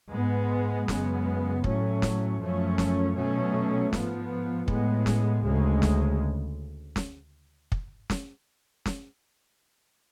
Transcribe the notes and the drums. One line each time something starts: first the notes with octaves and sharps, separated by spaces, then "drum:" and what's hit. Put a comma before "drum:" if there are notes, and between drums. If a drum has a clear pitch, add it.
G#2 G#3 B3
F#2 C#3 G#3 B3, drum: snare
A2 F#3 A3 C#4, drum: kick
drum: snare
F#2 F3 A3 C#4
drum: snare
B2 F#3 A3 C#4
G#2 F3 B3, drum: snare
A2 G#3 B3, drum: kick
drum: snare
D2 C#3 G#3
drum: snare
drum: snare
drum: kick
drum: snare
drum: snare